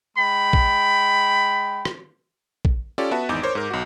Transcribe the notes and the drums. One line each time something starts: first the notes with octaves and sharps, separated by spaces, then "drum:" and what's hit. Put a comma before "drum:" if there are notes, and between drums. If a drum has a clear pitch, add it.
G#3 G5 B5
drum: kick A#1
drum: rim click
drum: kick A#1
C#4 F4 G4 A4 D5
B3 F#4 B4 E5 A5
G#1 E2 D#4 D6 G6
A#4 C5 C#5
G#2 A#4
B1 F#4